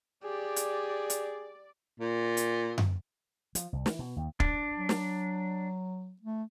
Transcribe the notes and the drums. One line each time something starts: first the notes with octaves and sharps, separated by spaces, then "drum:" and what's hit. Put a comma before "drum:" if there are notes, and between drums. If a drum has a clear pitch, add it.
G4 G#4 D5
drum: hi-hat
drum: hi-hat
A#2
drum: hi-hat
drum: tom F#2
F3, drum: hi-hat
C2
E3, drum: snare
B2
D#2
D4, drum: kick
F#3
drum: snare
A3